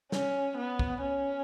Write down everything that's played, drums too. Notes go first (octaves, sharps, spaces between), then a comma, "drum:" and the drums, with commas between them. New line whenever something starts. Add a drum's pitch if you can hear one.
C#4, drum: snare
B3
drum: kick
C#4